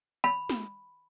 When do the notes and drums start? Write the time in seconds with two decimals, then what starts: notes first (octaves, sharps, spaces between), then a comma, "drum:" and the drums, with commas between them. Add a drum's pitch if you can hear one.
0.24 B5
0.49 drum: snare